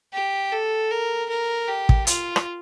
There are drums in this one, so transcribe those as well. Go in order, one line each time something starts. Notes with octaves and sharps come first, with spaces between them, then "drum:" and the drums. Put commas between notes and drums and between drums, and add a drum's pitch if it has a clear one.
G4
A4
A#4
A#4
G4
drum: kick
F4, drum: hi-hat
drum: rim click